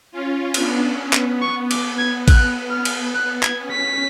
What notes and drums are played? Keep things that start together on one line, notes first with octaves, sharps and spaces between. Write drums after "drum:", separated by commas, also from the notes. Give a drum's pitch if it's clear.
C#4 F4
B3 D4, drum: cymbal
C#4
B3, drum: clap
C#6
D6, drum: cymbal
G#6
F#6, drum: kick, cymbal
F6
drum: cymbal
B3 F#6
G#6, drum: clap
C#4
B6